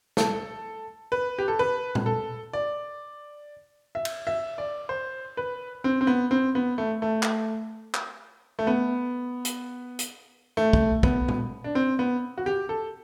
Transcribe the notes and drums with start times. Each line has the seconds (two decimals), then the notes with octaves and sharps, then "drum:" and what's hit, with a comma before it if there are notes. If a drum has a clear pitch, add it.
0.17 A4, drum: snare
1.12 B4
1.39 G4
1.48 A4
1.59 B4
1.95 drum: tom A#2
2.06 A4
2.53 D5
3.95 E5
4.05 drum: cymbal
4.27 E5
4.58 D5
4.89 C5
5.37 B4
5.84 C4
6.01 C4
6.07 B3
6.31 C4
6.55 B3
6.78 A3
7.02 A3
7.23 drum: clap
7.94 drum: clap
8.59 A3
8.67 B3
9.45 drum: hi-hat
9.99 drum: hi-hat
10.57 A3
10.73 drum: kick
11.03 B3, drum: kick
11.28 drum: tom A#2
11.64 D4
11.75 C4
11.99 B3
12.38 F#4
12.46 G4
12.69 A4